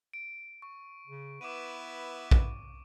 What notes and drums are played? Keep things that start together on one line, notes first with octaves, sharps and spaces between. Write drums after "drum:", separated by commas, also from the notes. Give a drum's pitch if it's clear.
D7
C#6
C#3
B3 E4 B4 D6 D#7
drum: kick A#1